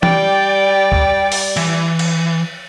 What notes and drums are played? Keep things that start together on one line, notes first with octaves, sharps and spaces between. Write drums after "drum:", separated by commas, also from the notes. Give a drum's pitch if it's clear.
G3 D5 G5, drum: tom E3
drum: kick C#2
drum: open hi-hat
E3, drum: cymbal
drum: cymbal